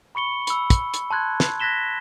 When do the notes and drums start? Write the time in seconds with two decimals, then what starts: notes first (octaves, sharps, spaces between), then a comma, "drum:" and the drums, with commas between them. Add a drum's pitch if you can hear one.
0.15 B5 C#6 C#7 G7
0.47 B5 E6, drum: hi-hat
0.70 drum: kick, hi-hat
0.94 drum: hi-hat
1.10 A5 C6 F#6 G#6
1.40 drum: snare
1.60 F#6 G#6 A#6 B6 E7 G7